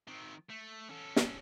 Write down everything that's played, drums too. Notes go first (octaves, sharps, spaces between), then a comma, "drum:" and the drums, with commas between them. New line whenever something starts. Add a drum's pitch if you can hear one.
D#3 C4
A3
C#4 A4
drum: snare